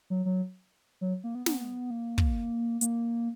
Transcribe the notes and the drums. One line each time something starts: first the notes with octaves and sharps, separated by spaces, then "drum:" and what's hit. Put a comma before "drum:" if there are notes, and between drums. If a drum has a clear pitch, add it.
F#3
F#3
F#3
A#3
B3
B3, drum: snare
A#3
drum: kick
A#3, drum: hi-hat